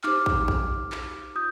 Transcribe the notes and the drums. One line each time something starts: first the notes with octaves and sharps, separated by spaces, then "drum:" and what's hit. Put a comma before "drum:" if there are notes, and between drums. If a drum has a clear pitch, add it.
D#4 G4 C5 D6 F6, drum: clap
drum: kick
drum: kick
drum: clap
F4 D#6 G6